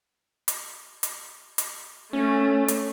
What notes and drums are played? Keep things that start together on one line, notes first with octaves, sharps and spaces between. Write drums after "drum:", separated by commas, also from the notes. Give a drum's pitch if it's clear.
drum: hi-hat
drum: hi-hat
drum: hi-hat
A3 C#4
drum: hi-hat